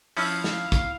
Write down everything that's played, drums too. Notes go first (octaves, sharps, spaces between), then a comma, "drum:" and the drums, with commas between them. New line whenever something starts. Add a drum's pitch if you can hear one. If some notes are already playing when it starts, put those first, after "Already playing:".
F3 C#4 E4 F5, drum: open hi-hat
drum: snare
drum: kick, hi-hat